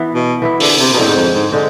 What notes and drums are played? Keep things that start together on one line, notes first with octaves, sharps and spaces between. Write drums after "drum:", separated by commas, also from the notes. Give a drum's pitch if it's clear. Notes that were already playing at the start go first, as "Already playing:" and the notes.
Already playing: E3 B3 E4
B2
E3 B3 E4
D3, drum: open hi-hat
C3
B2
A2 D3 G#3 C4
G#2
F2
G#2
D3 G#3 C4